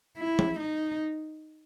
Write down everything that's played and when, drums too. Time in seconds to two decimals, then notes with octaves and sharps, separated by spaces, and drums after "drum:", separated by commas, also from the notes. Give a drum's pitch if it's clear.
0.18 E4
0.39 drum: tom F3
0.59 D#4